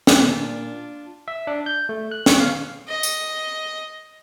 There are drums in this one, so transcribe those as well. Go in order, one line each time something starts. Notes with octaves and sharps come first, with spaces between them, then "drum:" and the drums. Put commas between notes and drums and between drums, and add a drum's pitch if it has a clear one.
drum: snare
A#2 D4 F4
E5
D4
G6
A3
F#6
C#6, drum: snare
F5
D#5
drum: tambourine